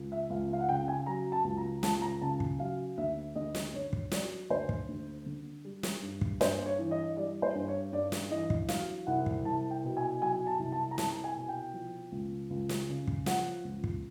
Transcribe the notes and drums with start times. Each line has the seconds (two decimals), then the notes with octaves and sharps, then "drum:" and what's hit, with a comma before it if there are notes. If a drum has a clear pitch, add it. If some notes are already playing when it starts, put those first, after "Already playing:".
Already playing: C#2
0.12 E5
0.30 C#2 F5
0.53 F5
0.60 F#5
0.69 C#3 G5
0.88 G#5
1.06 F#3 A#5
1.32 A5
1.44 C#2
1.57 A#5
1.83 C#2 A5, drum: snare
2.02 A#5
2.21 C#3 A5
2.40 drum: kick
2.59 F#3 F5
2.98 D2 E5
3.35 D2 D#5
3.55 drum: snare
3.74 D3 C#5
3.93 drum: kick
4.12 F#3 D5, drum: snare
4.50 D2 C5
4.69 drum: kick
4.88 D2
5.26 D3
5.65 G3
5.83 drum: snare
6.02 G2
6.21 drum: kick
6.41 G2 C5, drum: snare
6.66 C#5
6.79 E3
6.91 D#5
7.17 G3 D5
7.42 C5
7.55 G2
7.68 C#5
7.92 G2 D5
8.12 drum: snare
8.30 E3 D#5
8.50 drum: kick
8.69 F#3 F5, drum: snare
9.07 C2 F#5
9.26 drum: kick
9.45 C2 A5
9.70 G5
9.84 B2
9.97 G#5
10.21 F#3 G#5
10.47 A5
10.59 C2
10.72 A5
10.91 A#5
10.98 C2 A5, drum: snare
11.24 G#5
11.36 B2
11.48 G5
11.73 F3
12.12 C#2
12.50 C#2
12.69 drum: snare
12.89 C#3
13.07 drum: kick
13.26 F3 F#5, drum: snare
13.65 C#2
13.84 drum: kick